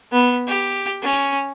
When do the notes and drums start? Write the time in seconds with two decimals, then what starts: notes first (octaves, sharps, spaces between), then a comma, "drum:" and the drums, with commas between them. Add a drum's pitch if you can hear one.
0.12 B3
0.47 G4
1.02 C#4
1.13 drum: tambourine